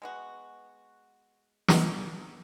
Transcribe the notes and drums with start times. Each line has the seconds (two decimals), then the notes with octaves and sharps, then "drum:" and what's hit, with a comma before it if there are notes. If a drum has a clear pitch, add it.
0.02 G#3 B3 F#4
1.68 drum: snare